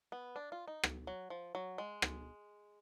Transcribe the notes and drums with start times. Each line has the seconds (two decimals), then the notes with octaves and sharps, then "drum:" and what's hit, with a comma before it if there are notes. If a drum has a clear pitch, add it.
0.12 B3
0.36 D4
0.52 F4
0.68 D#4
0.83 drum: rim click
1.07 F#3
1.30 F3
1.55 F#3
1.78 G#3
2.02 drum: rim click